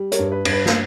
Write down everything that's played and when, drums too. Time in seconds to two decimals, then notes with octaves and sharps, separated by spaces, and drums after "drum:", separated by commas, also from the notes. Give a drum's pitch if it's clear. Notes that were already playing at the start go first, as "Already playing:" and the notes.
Already playing: G3
0.12 A#4 C#5, drum: hi-hat
0.19 G2
0.32 B4
0.45 G2, drum: cymbal
0.53 B4
0.66 drum: snare